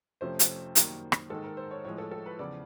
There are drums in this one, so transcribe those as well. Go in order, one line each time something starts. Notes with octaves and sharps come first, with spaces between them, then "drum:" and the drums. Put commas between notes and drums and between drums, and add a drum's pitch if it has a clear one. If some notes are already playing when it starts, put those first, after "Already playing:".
F2 C3 F3 A3 C#4 C5
drum: hi-hat
F#2 D#3 G3 A#3, drum: hi-hat
drum: rim click
G#2 D#3 G#3 A4
A#4
C5
C#5
A2 F3 G#3 C#5
A4
A4
B4
E2 C#3 F3 D5